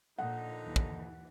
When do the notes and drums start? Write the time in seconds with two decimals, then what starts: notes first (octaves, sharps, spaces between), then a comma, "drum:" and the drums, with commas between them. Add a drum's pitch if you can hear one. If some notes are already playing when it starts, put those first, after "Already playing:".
0.18 A#2 D3 F3 D#4 F#5
0.64 D#2 E3
0.76 drum: kick